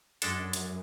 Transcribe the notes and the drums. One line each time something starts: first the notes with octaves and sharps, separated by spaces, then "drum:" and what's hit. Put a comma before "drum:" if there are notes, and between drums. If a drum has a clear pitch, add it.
F#2 G#3 D4 A4, drum: hi-hat
drum: hi-hat